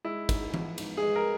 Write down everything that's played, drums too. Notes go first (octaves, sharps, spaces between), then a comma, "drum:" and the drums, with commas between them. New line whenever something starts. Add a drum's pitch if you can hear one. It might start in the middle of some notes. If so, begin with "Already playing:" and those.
G#3 E4
G#2, drum: kick, cymbal
F3, drum: tom E3
G#2, drum: cymbal
G#3 G#4
A#4